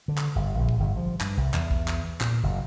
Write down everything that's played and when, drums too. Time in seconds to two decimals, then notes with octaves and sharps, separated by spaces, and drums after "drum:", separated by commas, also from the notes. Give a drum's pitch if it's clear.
0.08 D3
0.18 drum: clap
0.36 G1
0.59 A#1
0.69 drum: kick
0.80 G1
0.97 F3
1.21 G2, drum: clap
1.37 C2
1.54 E2, drum: clap
1.71 drum: kick
1.88 drum: clap
2.21 A#2, drum: clap
2.43 F#1